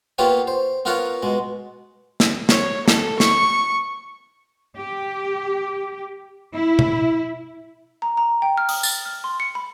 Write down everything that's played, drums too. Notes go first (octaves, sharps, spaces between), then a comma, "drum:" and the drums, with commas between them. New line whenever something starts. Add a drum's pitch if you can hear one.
A#3 B3 F4 G4 B4 C#5
C5
B3 F4 A#4 B4 C#5 F#5
B2 G#3
drum: snare
C#5, drum: snare
A4, drum: snare
C#6, drum: snare
G4
E4
drum: tom B2
A#5
A#5
G5
F6
D#6, drum: open hi-hat
A6, drum: tambourine
F6
C6
C#7
B5